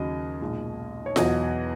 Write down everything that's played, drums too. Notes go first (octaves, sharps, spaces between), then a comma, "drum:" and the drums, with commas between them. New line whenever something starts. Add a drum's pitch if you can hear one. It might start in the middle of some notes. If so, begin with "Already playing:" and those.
Already playing: D#2 C#3 F#3 D#5
B1 A#2 G#3
C#5
E2 B2 F#3 D#5, drum: snare F4